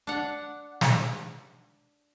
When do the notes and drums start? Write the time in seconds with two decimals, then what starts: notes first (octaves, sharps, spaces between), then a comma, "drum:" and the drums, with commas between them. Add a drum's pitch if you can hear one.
0.07 D4 F#5
0.81 drum: snare